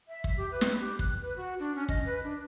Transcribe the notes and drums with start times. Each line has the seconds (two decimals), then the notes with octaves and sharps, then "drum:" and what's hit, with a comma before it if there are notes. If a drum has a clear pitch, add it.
0.08 E5
0.24 drum: kick
0.37 G4
0.51 B4
0.61 drum: snare
0.80 G4
0.99 F#6, drum: kick
1.22 B4
1.36 F#4
1.60 D4
1.76 C#4
1.89 D#5, drum: kick
2.06 B4
2.23 D4